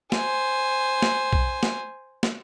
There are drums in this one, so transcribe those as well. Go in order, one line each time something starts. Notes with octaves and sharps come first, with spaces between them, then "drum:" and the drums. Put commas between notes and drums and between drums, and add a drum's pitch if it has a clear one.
C5 G#5, drum: snare
drum: snare
drum: kick
drum: snare
drum: snare